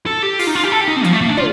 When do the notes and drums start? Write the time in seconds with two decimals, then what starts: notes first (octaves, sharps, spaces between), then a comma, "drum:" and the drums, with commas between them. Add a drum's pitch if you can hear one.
0.06 A4
0.22 G4
0.39 F4, drum: open hi-hat
0.47 D#4
0.55 F4
0.64 G4
0.72 A4
0.81 G4
0.88 D#4
0.97 C4
1.04 F3, drum: hi-hat
1.13 A3
1.21 A#3
1.29 D4
1.37 F4, drum: tom